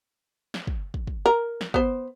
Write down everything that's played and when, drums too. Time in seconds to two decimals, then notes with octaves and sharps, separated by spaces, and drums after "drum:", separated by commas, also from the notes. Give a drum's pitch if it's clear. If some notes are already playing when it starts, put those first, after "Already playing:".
0.54 drum: snare
0.67 drum: kick
0.94 drum: kick
1.07 drum: kick
1.26 A#4
1.61 drum: snare
1.74 B3 C5, drum: kick